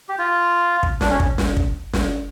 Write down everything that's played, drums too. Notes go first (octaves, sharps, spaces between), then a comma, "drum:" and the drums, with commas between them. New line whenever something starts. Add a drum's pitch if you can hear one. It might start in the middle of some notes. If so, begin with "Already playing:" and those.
G4
F4
drum: kick
D4, drum: snare
C#4
drum: kick
drum: snare
drum: kick
drum: snare